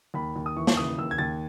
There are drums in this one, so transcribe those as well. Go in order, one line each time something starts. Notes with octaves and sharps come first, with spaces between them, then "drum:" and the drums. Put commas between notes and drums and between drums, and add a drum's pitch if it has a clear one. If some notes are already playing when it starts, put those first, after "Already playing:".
D#2 B5
D#2
D#6
E3 C#6
drum: snare
C#3 D#6
D#2 E6
G#6
D#2 A6